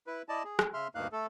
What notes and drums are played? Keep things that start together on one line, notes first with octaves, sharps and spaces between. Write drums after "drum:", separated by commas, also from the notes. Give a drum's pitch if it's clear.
E4 B4
E4 D5 D#5 A5
G#4
drum: rim click
C#3 E5 C6 F6
D2 G2 A#3 D#4 F5 F#6
A3 A4